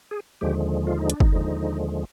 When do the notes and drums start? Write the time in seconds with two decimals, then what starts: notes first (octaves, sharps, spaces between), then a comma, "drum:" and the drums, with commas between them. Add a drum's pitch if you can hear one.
0.11 G#4
0.41 D#2 D3 F3 G#3 G4
0.87 F4
0.98 D#4
1.10 D4, drum: hi-hat
1.20 D#4, drum: kick
1.32 D#2 D3 F3 G#3